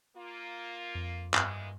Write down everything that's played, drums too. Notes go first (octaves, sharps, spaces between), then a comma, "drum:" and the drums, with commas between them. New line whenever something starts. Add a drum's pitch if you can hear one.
A#3 F4
F2
G2 A#2 E3 G#3, drum: clap